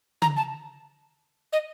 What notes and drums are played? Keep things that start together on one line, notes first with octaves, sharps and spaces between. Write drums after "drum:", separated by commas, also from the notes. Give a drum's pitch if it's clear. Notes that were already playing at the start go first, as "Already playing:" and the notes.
A#5, drum: tom
A5
D#5